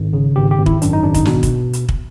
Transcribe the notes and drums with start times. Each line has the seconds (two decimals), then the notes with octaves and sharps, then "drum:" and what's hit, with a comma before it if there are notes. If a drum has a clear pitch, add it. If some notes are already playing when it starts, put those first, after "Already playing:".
Already playing: G#1
0.13 C#3
0.36 G#1 G4
0.51 G4
0.58 G#1
0.66 E4, drum: kick
0.82 F#2 D4, drum: hi-hat
0.93 D#4
1.04 G#1 D4
1.14 D#4, drum: kick, hi-hat
1.25 B2 D4, drum: snare
1.43 drum: kick, hi-hat
1.73 drum: hi-hat
1.89 drum: kick